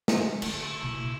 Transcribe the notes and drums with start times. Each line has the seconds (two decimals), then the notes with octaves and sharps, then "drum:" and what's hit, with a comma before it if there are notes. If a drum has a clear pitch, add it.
0.08 drum: snare
0.42 D3 A3, drum: cymbal
0.62 E4
0.82 B2 A#3
1.03 B2